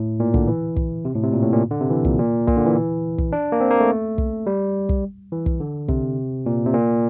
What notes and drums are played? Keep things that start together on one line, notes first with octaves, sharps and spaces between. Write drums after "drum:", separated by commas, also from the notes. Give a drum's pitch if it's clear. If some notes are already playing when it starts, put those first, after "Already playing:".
Already playing: A2
A#2
D3, drum: kick
E3
drum: kick
C3
A2
C3
A#2
A2
A#2
D3
C3
E3
A#2, drum: kick
A#2
A#2, drum: kick
D3
E3
drum: kick
D4
A#3
C4
A#3
A3
drum: kick
G3
drum: kick
E3
drum: kick
D3
C3, drum: kick
A#2
C3
A#2